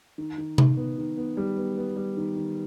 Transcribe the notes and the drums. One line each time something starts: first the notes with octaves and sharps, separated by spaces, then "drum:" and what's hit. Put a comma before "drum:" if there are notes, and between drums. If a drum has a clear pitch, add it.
D#3
D#3
D#3, drum: tom C3
B3
D#3
B3
G3
B3
B3
G3
D#3
D#3